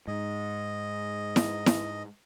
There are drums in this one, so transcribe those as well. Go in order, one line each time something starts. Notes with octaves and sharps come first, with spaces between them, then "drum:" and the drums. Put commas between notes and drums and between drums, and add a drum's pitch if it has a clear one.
G#2 D#5
drum: snare E4
drum: snare E4